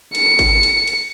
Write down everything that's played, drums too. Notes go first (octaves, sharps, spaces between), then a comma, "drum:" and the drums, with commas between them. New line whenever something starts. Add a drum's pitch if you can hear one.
C#7, drum: cymbal
drum: kick G#1, cymbal
drum: cymbal
drum: cymbal